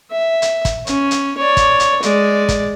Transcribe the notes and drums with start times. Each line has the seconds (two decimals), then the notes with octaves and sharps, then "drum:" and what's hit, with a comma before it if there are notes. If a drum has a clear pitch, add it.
0.11 E5
0.42 drum: hi-hat
0.65 drum: kick, hi-hat
0.87 C#4, drum: hi-hat
1.11 drum: hi-hat
1.38 C#5 D5
1.57 drum: kick, hi-hat
1.80 drum: hi-hat
2.03 G#3 D5, drum: hi-hat
2.49 drum: kick, hi-hat